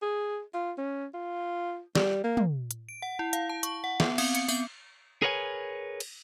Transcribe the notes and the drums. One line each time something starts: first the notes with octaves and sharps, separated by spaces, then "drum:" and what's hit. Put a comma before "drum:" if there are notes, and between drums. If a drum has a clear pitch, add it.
G#4
F4
C#4
F4
G3, drum: snare
A#3
drum: tom
drum: hi-hat
D7
F#5
E4
F5, drum: hi-hat
A5
C#6, drum: hi-hat
F#5
B3, drum: snare
C4, drum: cymbal
C#7, drum: hi-hat
B3, drum: tambourine
G#4 A#4 B4 C#5 E5 G#5
drum: cymbal